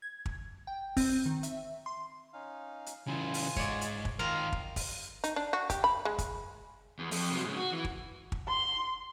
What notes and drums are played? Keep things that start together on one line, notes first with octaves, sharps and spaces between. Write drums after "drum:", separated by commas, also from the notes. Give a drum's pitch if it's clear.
G#6
drum: kick
G5
C4, drum: kick, open hi-hat
D#3
E5, drum: hi-hat
C6
C#4 D#4 F5
drum: hi-hat
C#3 E3 F4 G#5
drum: open hi-hat
G#2 C#5 D5, drum: kick
drum: hi-hat
drum: kick
D#3 F4 A#4 C5 F5
drum: kick
drum: kick, open hi-hat
D#4, drum: hi-hat
D4
F#4
G4, drum: kick, hi-hat
B5
G#3
drum: kick, hi-hat
E2
F2, drum: open hi-hat
C3 F#3
G#2 C#3
F#4
E3
drum: kick
drum: kick
C6